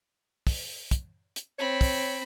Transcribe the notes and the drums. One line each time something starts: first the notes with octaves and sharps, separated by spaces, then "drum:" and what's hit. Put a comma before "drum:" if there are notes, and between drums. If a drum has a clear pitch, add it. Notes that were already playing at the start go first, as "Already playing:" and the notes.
drum: kick, open hi-hat
drum: kick, hi-hat
drum: hi-hat
C4 C#5 B5
drum: kick, open hi-hat